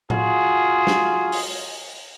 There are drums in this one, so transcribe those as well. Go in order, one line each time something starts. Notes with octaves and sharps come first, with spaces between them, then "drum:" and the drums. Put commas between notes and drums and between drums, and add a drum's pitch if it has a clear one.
F4 F#4 G#4, drum: tom A2
drum: snare
drum: open hi-hat